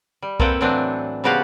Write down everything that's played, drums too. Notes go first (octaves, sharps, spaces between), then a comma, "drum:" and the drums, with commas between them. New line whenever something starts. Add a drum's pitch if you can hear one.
G3
A#3 C4 A4 B4 F#5 G5, drum: kick B1
A2 E3 F#3 C4 D4 F#4
C#3 F3 B3 F#4 G4 F5